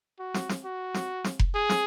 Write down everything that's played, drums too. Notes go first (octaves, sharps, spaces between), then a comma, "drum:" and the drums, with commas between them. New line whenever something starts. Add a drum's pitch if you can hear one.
F#4
drum: snare
drum: snare
F#4
drum: snare
drum: snare
drum: kick F1
G#4
drum: snare